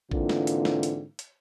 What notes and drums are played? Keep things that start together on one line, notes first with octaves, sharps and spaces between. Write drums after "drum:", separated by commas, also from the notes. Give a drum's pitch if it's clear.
G#2 D3 E3 A#3 C4 F4, drum: kick A1
drum: snare
drum: hi-hat
drum: snare
drum: hi-hat
drum: hi-hat